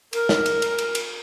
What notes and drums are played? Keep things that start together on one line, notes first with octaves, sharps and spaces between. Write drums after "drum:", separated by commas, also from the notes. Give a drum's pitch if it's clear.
A#4, drum: cymbal
drum: snare
drum: cymbal
drum: cymbal
drum: cymbal
drum: cymbal